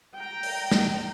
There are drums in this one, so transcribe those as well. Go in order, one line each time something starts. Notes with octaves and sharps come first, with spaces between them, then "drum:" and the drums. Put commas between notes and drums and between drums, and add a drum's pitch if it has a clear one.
G5 A#5
drum: open hi-hat
drum: snare